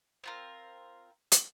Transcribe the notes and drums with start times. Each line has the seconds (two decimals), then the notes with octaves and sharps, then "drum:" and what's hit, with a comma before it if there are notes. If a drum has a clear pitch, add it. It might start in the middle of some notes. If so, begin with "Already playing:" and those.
0.24 C4 F4 A#4
1.32 drum: hi-hat